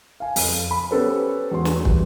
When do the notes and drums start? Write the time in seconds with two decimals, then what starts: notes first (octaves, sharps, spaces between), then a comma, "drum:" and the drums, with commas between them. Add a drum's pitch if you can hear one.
0.20 F5 G#5
0.36 F2, drum: open hi-hat
0.71 B5
0.91 B3 C#4 G4 A4 B4 C5
1.52 E2 G#3 F#4 C6
1.65 drum: snare
1.85 E3 G3, drum: kick